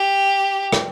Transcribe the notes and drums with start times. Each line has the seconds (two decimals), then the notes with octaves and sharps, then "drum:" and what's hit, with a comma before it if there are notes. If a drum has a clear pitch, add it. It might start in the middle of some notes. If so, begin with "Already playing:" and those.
Already playing: G4
0.72 drum: rim click